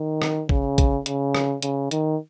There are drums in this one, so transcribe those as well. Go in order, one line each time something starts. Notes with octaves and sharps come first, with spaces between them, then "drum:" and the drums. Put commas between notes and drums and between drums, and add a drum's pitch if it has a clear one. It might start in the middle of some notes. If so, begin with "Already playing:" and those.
Already playing: D#3
drum: rim click
C#3, drum: kick
drum: kick, hi-hat
C#3, drum: hi-hat
drum: rim click
C#3, drum: hi-hat
D#3, drum: hi-hat